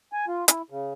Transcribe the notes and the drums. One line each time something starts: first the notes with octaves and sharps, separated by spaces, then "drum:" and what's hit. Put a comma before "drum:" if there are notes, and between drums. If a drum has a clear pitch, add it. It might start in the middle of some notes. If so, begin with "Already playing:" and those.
G#5
F4
E4, drum: hi-hat
C#3